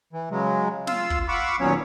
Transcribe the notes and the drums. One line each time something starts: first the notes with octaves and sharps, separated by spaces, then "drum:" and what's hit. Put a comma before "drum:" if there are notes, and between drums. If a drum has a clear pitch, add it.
E3
C#3 F#3 G#3
F4 F5 E6, drum: snare
drum: kick
F5 F#5 B5 C#6 D6 E6
D#2 A#2 F#3 B3 C#4 C#5